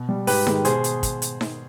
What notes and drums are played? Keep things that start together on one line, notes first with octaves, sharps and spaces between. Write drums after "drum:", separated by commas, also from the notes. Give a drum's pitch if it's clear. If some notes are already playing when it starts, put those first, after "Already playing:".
Already playing: B2
G3
G#2 G4 B4, drum: open hi-hat
D#3 G#3, drum: snare D#4
B2 G#4 C5, drum: hi-hat
drum: hi-hat
drum: kick, hi-hat
drum: hi-hat
drum: snare D#4